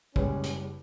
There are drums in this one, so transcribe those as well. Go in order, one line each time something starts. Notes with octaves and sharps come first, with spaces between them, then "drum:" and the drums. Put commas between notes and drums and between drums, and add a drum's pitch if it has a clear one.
F#1 G3 G#3 C#4 B4, drum: kick
drum: hi-hat